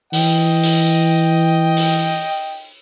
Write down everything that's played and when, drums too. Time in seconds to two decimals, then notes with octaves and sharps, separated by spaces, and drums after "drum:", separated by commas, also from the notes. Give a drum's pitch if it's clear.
0.13 E3 D#5 G5, drum: open hi-hat
0.63 drum: open hi-hat
1.77 drum: open hi-hat